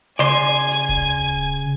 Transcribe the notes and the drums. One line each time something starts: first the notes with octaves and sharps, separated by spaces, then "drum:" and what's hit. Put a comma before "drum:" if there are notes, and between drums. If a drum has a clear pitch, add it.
C#3 D5 G#5 C6 G#6, drum: snare
drum: hi-hat
drum: hi-hat
drum: snare
drum: kick D1, hi-hat
drum: hi-hat
drum: hi-hat
drum: hi-hat
drum: hi-hat